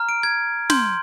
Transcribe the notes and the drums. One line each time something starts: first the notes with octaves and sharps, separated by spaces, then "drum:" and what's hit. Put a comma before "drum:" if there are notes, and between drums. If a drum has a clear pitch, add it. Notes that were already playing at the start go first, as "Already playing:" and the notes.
Already playing: A#5 F6
D7
G#6
C6 G6, drum: snare